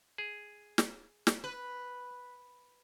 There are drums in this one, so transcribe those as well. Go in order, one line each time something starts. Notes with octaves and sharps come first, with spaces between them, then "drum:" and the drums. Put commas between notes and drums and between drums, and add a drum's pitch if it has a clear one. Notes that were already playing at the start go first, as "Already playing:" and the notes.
G#4
drum: snare
drum: snare
B4